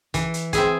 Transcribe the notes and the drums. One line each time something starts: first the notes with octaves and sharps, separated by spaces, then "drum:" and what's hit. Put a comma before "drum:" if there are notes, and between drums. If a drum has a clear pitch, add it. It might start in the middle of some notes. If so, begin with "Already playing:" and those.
E3, drum: kick, hi-hat
drum: hi-hat
C4 E4 G#4, drum: kick, hi-hat